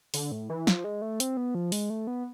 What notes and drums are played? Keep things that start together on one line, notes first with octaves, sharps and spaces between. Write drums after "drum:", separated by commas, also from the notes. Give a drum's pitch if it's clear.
D3, drum: open hi-hat
A2
E3
F3, drum: snare
G#3
A3
C4, drum: hi-hat
B3
F3
G#3, drum: open hi-hat
A3
B3